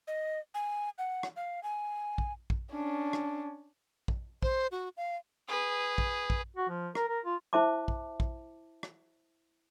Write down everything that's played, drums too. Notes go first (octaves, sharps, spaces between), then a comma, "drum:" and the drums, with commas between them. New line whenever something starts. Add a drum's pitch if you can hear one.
D#5
G#5
F#5
drum: rim click
F5
G#5
drum: kick
drum: kick
C#4 D4
drum: rim click
drum: kick
C5, drum: kick
F#4
F5
G#4 B4
drum: kick
drum: kick
F#4
F3
A#4, drum: rim click
A#4
F4
E4 C5 E5 A5 D6
drum: kick
drum: kick
drum: rim click